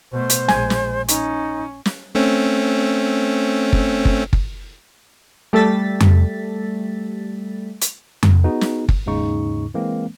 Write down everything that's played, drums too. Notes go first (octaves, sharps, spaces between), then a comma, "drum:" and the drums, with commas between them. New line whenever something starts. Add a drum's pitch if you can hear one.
B2 A3 C5
drum: hi-hat
A#1 G#3 G#5, drum: snare
drum: snare
C#4 D#4, drum: hi-hat
drum: snare
A3 C4 C#4
drum: kick
drum: kick
drum: kick
G3 A3 A4 A6 B6
drum: tom F2
drum: hi-hat
drum: tom F2
B3 D#4 F#4 G#4
drum: snare
drum: kick
D#2 G#2 C#3 D#4 C#6
E3 G#3 A#3 C4